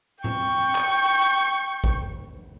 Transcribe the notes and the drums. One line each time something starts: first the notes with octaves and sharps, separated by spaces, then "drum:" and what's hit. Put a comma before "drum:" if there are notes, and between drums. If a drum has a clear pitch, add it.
G5 C#6, drum: tom A2
drum: clap
drum: kick A1